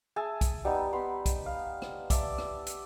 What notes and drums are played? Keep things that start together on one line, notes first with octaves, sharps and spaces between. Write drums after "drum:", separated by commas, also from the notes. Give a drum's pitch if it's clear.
G#4 E5 G#5 A5
drum: kick B1, hi-hat
G3 B3 D#4 A5
B3 B5 C6
drum: kick B1, hi-hat
F5
drum: rim click
D5 E5 A5, drum: kick B1, hi-hat
drum: rim click
drum: hi-hat